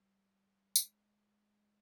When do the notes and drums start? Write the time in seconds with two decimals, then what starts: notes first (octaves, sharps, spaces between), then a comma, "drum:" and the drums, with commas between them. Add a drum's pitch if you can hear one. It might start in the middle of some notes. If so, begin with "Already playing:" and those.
Already playing: G3
0.76 G#3, drum: tambourine